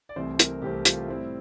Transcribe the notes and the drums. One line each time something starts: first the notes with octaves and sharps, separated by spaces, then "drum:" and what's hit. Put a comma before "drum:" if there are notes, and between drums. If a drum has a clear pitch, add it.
D5
C2 C3 E3 A3 C4 C5
A#4, drum: hi-hat
C2 C3 E3 A3 C4 G4
F4, drum: hi-hat
A2 G3 C4 E4